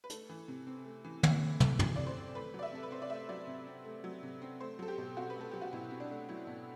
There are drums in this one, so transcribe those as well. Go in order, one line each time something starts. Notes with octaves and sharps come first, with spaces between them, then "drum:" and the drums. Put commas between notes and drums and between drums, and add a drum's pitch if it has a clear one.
B4
A3 A4, drum: hi-hat
E3
C3
C4
A3
E3
C3, drum: tom
C4
A3, drum: tom
E3, drum: tom
C3 D5
C5
C4
A3 B4
F#3 D5
E5
C3 A4
B4
C4 C5
D5
A3 E5
F#3 D5
C3
C4
A3
F#3
C3
C4
A3 C5
F#3 A4
G4
B2
C4 F#4
A3 B4
A4
F#3 G4
F#4
B2 E4
C4
D4
A3
F#3 E4
B2